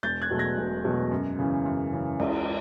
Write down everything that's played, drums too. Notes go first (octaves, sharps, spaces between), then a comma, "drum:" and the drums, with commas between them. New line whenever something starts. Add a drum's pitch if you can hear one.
E1 G6 A6
F#6 G#6
E2 B2 F#3 A3
G#6 A#6
E1
E2 B2 F#3 A3
F#2
C#3 E3
F#2
C#3 E3
C#2, drum: cymbal